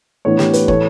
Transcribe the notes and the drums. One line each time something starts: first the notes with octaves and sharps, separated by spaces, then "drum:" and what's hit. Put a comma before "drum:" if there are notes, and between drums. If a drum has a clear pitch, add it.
A2 E3 B3 D4 C#5
G4, drum: snare
B4, drum: hi-hat
A2 E3 A3 C#5, drum: kick